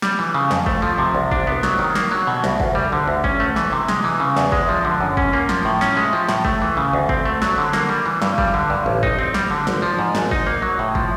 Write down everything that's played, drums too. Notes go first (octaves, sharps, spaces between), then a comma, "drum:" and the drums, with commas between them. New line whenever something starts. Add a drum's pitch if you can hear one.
G3, drum: snare
E3
C#3
F2, drum: snare
A3, drum: kick
F3
C3
C2
D4, drum: kick
B3
F#3, drum: snare
D#3
A#3, drum: snare
F#3
B2
C2, drum: snare
D2, drum: kick
G3
D3
D2
C#4, drum: kick
A3
E3, drum: snare
C3
G#3, drum: snare
E3
C#3
E2, drum: snare
G#3, drum: kick
F3
D3
F#2
C#4, drum: kick
A#3
F3, drum: snare
A2
C#4, drum: snare
G#3
F3
A2, drum: snare
A3, drum: kick
E3
C#3
D2
C4, drum: kick
A3
F#3, drum: snare
D3
A#3, drum: snare
G3
E3
G2, drum: snare
G3, drum: kick
D3
G2
A1
D#4, drum: kick
C4
G3, drum: snare
D3
G#1, drum: snare
F3
G#2
G#1, drum: snare
D#4, drum: kick
A#3
F#3
A2
F3, drum: kick